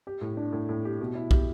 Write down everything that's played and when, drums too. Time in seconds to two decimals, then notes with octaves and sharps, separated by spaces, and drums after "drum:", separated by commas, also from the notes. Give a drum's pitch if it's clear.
0.07 G4
0.21 A2
0.37 D4
0.53 A2
0.69 A2
0.85 G4
1.00 B2
1.15 E4
1.31 G4, drum: kick